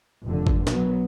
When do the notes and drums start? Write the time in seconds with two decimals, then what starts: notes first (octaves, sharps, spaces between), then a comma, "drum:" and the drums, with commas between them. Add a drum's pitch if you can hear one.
0.25 F1 D3
0.47 drum: kick
0.67 B1 F#3 B3, drum: snare